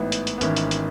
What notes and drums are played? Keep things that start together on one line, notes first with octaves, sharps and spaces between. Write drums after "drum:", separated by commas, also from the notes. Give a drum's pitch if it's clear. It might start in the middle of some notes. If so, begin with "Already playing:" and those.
Already playing: A1 G#2 E3 B3
drum: hi-hat
drum: hi-hat
B3
G#1 G#2 E3 C#4, drum: hi-hat
drum: hi-hat
drum: hi-hat